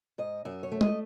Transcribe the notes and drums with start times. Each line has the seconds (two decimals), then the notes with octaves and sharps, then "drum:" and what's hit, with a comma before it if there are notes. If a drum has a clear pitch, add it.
0.18 G#2 D#5
0.45 F#2 E5
0.63 C#5
0.72 A3
0.81 D#5, drum: tom